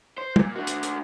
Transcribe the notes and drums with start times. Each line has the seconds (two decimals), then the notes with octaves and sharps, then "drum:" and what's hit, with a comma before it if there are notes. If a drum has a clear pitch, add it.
0.18 C5
0.36 A#2, drum: tom
0.56 D4 F#4
0.67 drum: hi-hat
0.83 drum: hi-hat